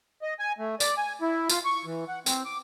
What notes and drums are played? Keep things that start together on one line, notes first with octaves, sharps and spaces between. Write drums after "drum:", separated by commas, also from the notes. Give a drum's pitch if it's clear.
D#5
G#5
A3
D5, drum: tambourine
G#5
E4
F4, drum: tambourine
C#6
E3
F#5
C4, drum: tambourine
D6